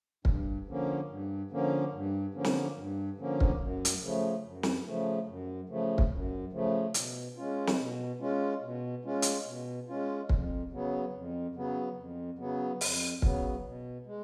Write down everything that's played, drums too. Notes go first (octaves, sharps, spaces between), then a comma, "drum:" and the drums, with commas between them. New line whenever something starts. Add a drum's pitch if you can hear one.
G2, drum: kick
D3 F3 A#3 C#4
G2
D3 F3 A#3 C#4
G2
D3 F3 A#3 C#4
drum: snare
G2
D3 F3 A#3 C#4
drum: kick
F#2
drum: hi-hat
C#3 F3 A3
F#2
drum: snare
C#3 F3 A3
F#2
C#3 F3 A3
drum: kick
F#2
C#3 F3 A3
B2, drum: hi-hat
G#3 C#4 F4
drum: snare
B2
G#3 C#4 F4
B2
G#3 C#4 F4
drum: hi-hat
B2
G#3 C#4 F4
F2, drum: kick
C#3 F#3 B3
F2
C#3 F#3 B3
F2
C#3 F#3 B3
F2, drum: open hi-hat
C#3 F#3 B3, drum: kick
B2
G#3